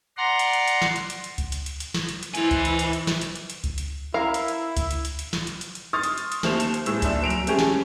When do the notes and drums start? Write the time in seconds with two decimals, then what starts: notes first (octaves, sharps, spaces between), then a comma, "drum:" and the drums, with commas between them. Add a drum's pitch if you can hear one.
0.17 D5 F#5 A#5 C6
0.39 drum: hi-hat
0.53 drum: hi-hat
0.68 drum: hi-hat
0.82 drum: snare
0.96 drum: hi-hat
1.10 drum: hi-hat
1.24 drum: hi-hat
1.38 drum: kick C#2, hi-hat
1.52 drum: hi-hat
1.66 drum: hi-hat
1.80 drum: hi-hat
1.94 drum: snare
2.09 drum: hi-hat
2.23 drum: hi-hat
2.35 E3 C5 G#5, drum: hi-hat
2.51 drum: kick C#2, hi-hat
2.65 drum: hi-hat
2.79 drum: hi-hat
2.93 drum: hi-hat
3.07 drum: snare
3.21 drum: hi-hat
3.35 drum: hi-hat
3.50 drum: hi-hat
3.64 drum: kick C#2, hi-hat
3.78 drum: hi-hat
4.14 E4 A#4 F5 A#5
4.34 drum: hi-hat
4.48 drum: hi-hat
4.77 drum: kick C#2, hi-hat
4.91 drum: hi-hat
5.05 drum: hi-hat
5.19 drum: hi-hat
5.33 drum: snare
5.47 drum: hi-hat
5.61 drum: hi-hat
5.75 drum: hi-hat
5.93 C6 C#6 D#6 F6 A6
6.03 drum: hi-hat
6.18 drum: hi-hat
6.32 drum: hi-hat
6.43 D#2 A3 C5 E7 F7, drum: snare
6.60 drum: hi-hat
6.74 drum: hi-hat
6.86 A2 G#3 E6 E7, drum: hi-hat
7.02 F#1 D4 E5 E7, drum: kick C#2, hi-hat
7.21 F1 F#3 D7 F7
7.30 drum: hi-hat
7.47 G#3 A3 C#4 G4 G#4, drum: hi-hat
7.59 drum: snare